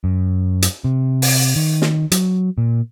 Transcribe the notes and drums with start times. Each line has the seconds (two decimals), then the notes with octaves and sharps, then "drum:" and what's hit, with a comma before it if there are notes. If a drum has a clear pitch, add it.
0.04 F#2
0.62 drum: hi-hat
0.84 C3
1.22 drum: open hi-hat
1.56 D#3
1.82 drum: snare
2.12 F#3, drum: hi-hat
2.58 A#2